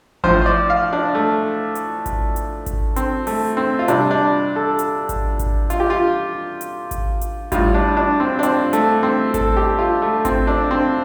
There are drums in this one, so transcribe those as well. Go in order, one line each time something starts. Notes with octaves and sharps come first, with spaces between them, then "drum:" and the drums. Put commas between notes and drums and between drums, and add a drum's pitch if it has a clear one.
A2 F3 C5, drum: kick G#1
C5
D5
F5
D4
A3
drum: hi-hat
drum: kick G#1, hi-hat
drum: hi-hat
drum: kick G#1, hi-hat
C4, drum: hi-hat
A3, drum: open hi-hat
C4
F4
C3 G3 D4, drum: hi-hat
D4
A4
drum: hi-hat
drum: kick G#1, hi-hat
drum: kick G#1, hi-hat
F4, drum: hi-hat
G4
F4
drum: hi-hat
drum: kick G#1, hi-hat
drum: hi-hat
A2 G3 F4, drum: kick G#1, hi-hat
D4
D4
C4
D4
C4, drum: hi-hat
A3, drum: hi-hat
C4
A4, drum: kick G#1, hi-hat
G4
F4
A3
C4, drum: kick G#1, hi-hat
D4
C4